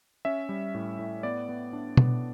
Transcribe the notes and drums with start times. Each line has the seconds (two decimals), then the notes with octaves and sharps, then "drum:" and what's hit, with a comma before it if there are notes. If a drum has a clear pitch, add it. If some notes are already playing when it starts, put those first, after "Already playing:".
0.25 C#4 E5
0.49 G3
0.74 A2
0.99 A2
1.23 B3 D5
1.49 B3
1.73 D4
1.97 B3, drum: tom B2